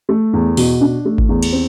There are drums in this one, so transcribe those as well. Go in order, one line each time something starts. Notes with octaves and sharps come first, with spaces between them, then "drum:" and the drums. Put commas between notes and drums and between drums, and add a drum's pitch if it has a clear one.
A3
E2
B2, drum: open hi-hat
D4
A3
drum: kick G#1
E2
drum: cymbal
C4